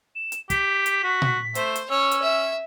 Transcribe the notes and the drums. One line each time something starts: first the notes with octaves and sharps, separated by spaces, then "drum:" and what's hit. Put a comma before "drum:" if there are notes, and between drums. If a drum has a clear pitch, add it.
E7
drum: hi-hat
G4 B6, drum: kick, hi-hat
drum: hi-hat
F#4
drum: tom A#2
A3 C5, drum: hi-hat
drum: hi-hat
C#4 C#5 E6
drum: hi-hat
E5